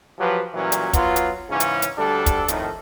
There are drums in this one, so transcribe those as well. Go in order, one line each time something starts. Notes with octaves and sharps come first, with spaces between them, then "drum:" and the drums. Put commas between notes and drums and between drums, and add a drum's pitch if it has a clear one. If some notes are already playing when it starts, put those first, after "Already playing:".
F3 F#3 G4 B4
A#2 E3 F#3 G3 C#4
drum: hi-hat
F#3 B3 F4, drum: kick, hi-hat
drum: hi-hat
G#2 C#3 E3 C#4
drum: hi-hat
drum: hi-hat
D2 G3 D4 A4
drum: kick, hi-hat
F2 A2 D#3, drum: hi-hat